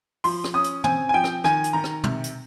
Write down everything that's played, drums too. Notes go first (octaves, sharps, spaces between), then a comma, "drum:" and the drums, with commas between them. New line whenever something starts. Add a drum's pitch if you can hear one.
F3 C6, drum: open hi-hat
drum: rim click
C#4 D#6
drum: hi-hat
C4 G#5, drum: tom
G#5
F3 G5
drum: rim click
D#3 G#5, drum: rim click
drum: hi-hat
D#3 A#5
drum: rim click
C3, drum: tom
drum: hi-hat